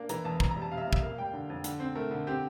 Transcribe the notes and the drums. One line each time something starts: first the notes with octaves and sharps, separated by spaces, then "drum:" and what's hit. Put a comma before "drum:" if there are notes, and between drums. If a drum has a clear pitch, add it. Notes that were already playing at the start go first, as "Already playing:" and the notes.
Already playing: A#3 D4
E3 A#5, drum: hi-hat
E2 A5
F2 A#5, drum: kick
A#5
G3
A5
C3 F5
E5
F5
F2
E5, drum: kick
A#3 F5
G3 G5
D3
F2
D3, drum: hi-hat
C4
A3 A#4
D3
C4 G4